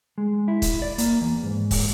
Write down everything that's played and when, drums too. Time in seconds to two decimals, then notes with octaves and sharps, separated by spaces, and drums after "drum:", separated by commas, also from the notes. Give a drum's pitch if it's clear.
0.18 G#3
0.48 E4
0.62 drum: kick, hi-hat
0.82 D5
0.98 A#3, drum: hi-hat
1.21 E2
1.43 G#2
1.71 drum: kick, open hi-hat